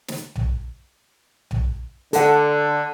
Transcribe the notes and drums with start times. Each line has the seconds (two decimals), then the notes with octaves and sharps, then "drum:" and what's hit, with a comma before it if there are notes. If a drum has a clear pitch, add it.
0.09 drum: snare
0.36 drum: tom B1
1.51 drum: tom B1
2.13 D3 A4 F#5, drum: hi-hat